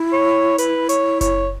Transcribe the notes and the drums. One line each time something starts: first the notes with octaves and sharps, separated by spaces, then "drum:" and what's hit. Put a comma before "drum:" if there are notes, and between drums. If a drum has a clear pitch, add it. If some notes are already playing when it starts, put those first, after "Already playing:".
Already playing: E4
C#5
B4, drum: hi-hat
C#5, drum: hi-hat
C#5, drum: kick F#1, hi-hat